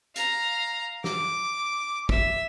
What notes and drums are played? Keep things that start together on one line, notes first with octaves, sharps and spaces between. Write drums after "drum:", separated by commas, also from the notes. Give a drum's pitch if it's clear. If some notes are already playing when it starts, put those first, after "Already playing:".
F5 A#5, drum: hi-hat
D6, drum: snare
E5, drum: kick